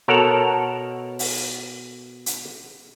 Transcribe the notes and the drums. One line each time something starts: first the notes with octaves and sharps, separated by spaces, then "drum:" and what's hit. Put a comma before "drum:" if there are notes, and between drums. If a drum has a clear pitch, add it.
B2 A4 A#4 C#5 F#5
drum: open hi-hat
drum: hi-hat